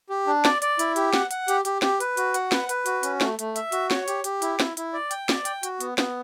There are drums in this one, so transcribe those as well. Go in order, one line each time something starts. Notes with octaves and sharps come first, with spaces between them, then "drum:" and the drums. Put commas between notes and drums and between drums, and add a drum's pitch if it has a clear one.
G4
D4
D5, drum: snare
D5, drum: hi-hat
E4, drum: hi-hat
G4, drum: hi-hat
F#5, drum: snare
F#5, drum: hi-hat
G4, drum: hi-hat
G4, drum: hi-hat
G4, drum: snare
B4, drum: hi-hat
F#4, drum: hi-hat
F#5, drum: hi-hat
B4, drum: snare
B4, drum: hi-hat
F#4, drum: hi-hat
C#4, drum: hi-hat
A3, drum: snare
A3, drum: hi-hat
E5, drum: hi-hat
F#4, drum: hi-hat
C#5, drum: snare
G4, drum: hi-hat
G4, drum: hi-hat
E4, drum: hi-hat
E4, drum: snare
E4, drum: hi-hat
D5
G5, drum: hi-hat
D5, drum: snare
G5, drum: hi-hat
F#4, drum: hi-hat
B3, drum: hi-hat
B3, drum: snare